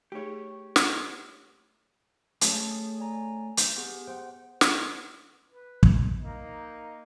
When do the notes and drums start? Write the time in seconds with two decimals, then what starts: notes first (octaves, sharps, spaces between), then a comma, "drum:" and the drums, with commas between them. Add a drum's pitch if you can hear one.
0.12 A3 D#4 G4 G#4 C#5
0.76 drum: snare
2.41 A3 C#4 G#4 A5 D#6, drum: hi-hat
2.99 D5 G#5 A#5
3.57 G6, drum: hi-hat
3.77 B3 G4 G#4
4.07 C5 F#5 G5
4.61 drum: snare
5.49 B4
5.83 drum: kick
6.22 A#3 D#4